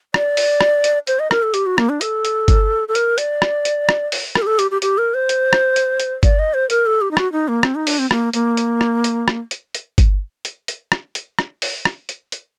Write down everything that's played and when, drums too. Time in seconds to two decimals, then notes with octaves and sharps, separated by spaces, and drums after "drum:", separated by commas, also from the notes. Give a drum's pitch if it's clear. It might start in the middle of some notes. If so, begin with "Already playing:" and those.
0.14 D5, drum: rim click
0.37 drum: open hi-hat
0.61 drum: rim click
0.84 drum: hi-hat
1.07 C5, drum: hi-hat
1.19 D#5
1.31 A#4, drum: rim click
1.43 A4
1.54 G4, drum: hi-hat
1.66 F#4
1.78 A#3, drum: rim click
1.89 D4
2.01 A4, drum: hi-hat
2.25 drum: hi-hat
2.48 drum: kick G1, hi-hat
2.88 A4
2.95 A#4, drum: hi-hat
3.18 D5, drum: hi-hat
3.42 drum: rim click
3.65 drum: hi-hat
3.89 drum: rim click
4.12 drum: open hi-hat
4.35 A#4, drum: rim click
4.42 G4
4.47 A4
4.59 G4, drum: hi-hat
4.71 G4
4.82 G4, drum: hi-hat
4.98 A#4
5.14 C5
5.29 drum: hi-hat
5.53 drum: rim click
5.76 drum: hi-hat
6.00 drum: hi-hat
6.23 D5, drum: kick G1, hi-hat
6.39 D#5
6.54 C5
6.70 A#4, drum: hi-hat
6.86 A4
7.01 G4
7.11 D#4
7.17 F#4, drum: rim click
7.32 D#4
7.48 A#3
7.63 C4, drum: rim click
7.75 D#4
7.87 D4, drum: open hi-hat
7.99 C4
8.11 A#3, drum: rim click
8.33 A#3, drum: hi-hat
8.57 drum: hi-hat
8.81 drum: rim click
9.04 drum: hi-hat
9.28 drum: rim click
9.51 drum: hi-hat
9.75 drum: hi-hat
9.98 drum: kick G1, hi-hat
10.45 drum: hi-hat
10.68 drum: hi-hat
10.92 drum: rim click
11.15 drum: hi-hat
11.39 drum: rim click
11.62 drum: open hi-hat
11.85 drum: rim click
12.09 drum: hi-hat
12.32 drum: hi-hat